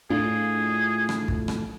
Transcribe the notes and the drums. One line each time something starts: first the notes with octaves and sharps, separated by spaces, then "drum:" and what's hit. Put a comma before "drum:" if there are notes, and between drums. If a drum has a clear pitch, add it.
A2 D4 F4 G#4
drum: rim click
drum: kick
drum: rim click